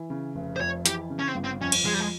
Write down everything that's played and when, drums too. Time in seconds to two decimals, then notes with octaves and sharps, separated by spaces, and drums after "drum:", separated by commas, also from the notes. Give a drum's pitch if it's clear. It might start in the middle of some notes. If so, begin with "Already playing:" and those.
Already playing: E3
0.10 C#3
0.35 F1
0.56 C5
0.60 F2 C#5
0.86 E3 G4, drum: hi-hat
1.10 C#3
1.19 C#4
1.28 C4
1.35 G1
1.44 C4
1.61 F2 C#4
1.72 drum: cymbal
1.85 F3 G#3
1.93 G3
2.00 G#3